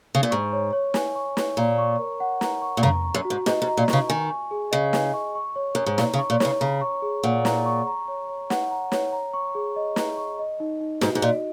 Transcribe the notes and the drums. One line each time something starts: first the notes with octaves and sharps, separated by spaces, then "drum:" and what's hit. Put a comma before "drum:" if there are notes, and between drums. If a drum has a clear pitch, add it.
C#3
A#2
G#2 C#6
C#5
C#5
G#5, drum: snare
C#6
C#5, drum: snare
A#2 A#5
C#6
A#4
F#5
A#5, drum: snare
C#6
A#2
C#3 A#5, drum: tom F2
C#6
F#2
F#4
G#2
G#2 D#5, drum: snare
G#2
A#5
A#2
C#6, drum: snare
C#3
D#3 G#5
C#6
G#4
C#3 D#5
G#5, drum: snare
C#6
C#6
C#5
F#2 C#5
G#2
A#2 A#5, drum: snare
C#3
C#6
A#2
C#3 C#5, drum: snare
C#3 A#5
C#6
G#4
A#2 F#5
A#5, drum: snare
C#6
A#5
C#5
C#5
F#5, drum: snare
A#5
C#5, drum: snare
A#5
C#6
G#4
D#5
A#5, drum: snare
C#6
D#5
D#4
D#4
G#2 F#4, drum: snare
G#2
A#2 D#5